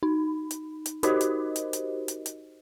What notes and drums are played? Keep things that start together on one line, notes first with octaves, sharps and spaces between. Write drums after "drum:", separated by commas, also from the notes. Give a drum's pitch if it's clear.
D#4
drum: hi-hat
drum: hi-hat
D#4 F#4 G4 A#4 C5 D#5, drum: hi-hat
drum: hi-hat
drum: hi-hat
drum: hi-hat
drum: hi-hat
drum: hi-hat